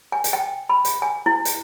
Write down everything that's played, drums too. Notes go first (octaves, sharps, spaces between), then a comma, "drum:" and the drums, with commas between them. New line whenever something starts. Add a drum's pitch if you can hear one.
G#5
drum: hi-hat
G5
B5
drum: hi-hat
G#5
E4
drum: hi-hat